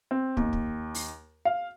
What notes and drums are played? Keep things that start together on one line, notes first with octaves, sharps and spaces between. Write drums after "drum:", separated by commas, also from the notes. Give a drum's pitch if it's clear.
C4
D#2, drum: kick
drum: kick
drum: open hi-hat
F5